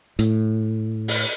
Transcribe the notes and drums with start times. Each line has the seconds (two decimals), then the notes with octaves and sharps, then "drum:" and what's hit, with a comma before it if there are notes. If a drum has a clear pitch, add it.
0.19 A2, drum: hi-hat
1.08 drum: open hi-hat